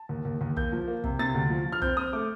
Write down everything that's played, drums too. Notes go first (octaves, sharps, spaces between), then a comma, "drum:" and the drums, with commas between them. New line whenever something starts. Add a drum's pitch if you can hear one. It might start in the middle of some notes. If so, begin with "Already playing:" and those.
Already playing: A5
D#2
D#2
D#2
A#3 G6, drum: kick
F3
A#3
C3, drum: kick
C3 A6
D2
F3
F3
F6
C4 G6, drum: kick
C4 D#6
A3 D6